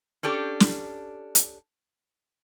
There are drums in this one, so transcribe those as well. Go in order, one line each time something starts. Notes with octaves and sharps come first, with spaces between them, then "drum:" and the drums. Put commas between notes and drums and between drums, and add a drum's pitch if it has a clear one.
C#4 D4 G4 A4
drum: snare
drum: hi-hat